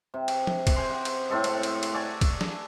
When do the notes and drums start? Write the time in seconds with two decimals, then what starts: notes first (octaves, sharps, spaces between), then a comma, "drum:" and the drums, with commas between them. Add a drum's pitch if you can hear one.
0.14 C3
0.28 drum: cymbal
0.47 drum: tom
0.67 drum: kick, cymbal
0.76 C5 G5 G#5 C6
0.90 F#5 G5
1.05 drum: cymbal
1.30 A2 C4 A4 D#5
1.44 F#5, drum: cymbal
1.63 drum: cymbal
1.83 drum: cymbal
1.94 A4 D5 G#5 C#6
2.21 drum: kick, cymbal
2.41 drum: snare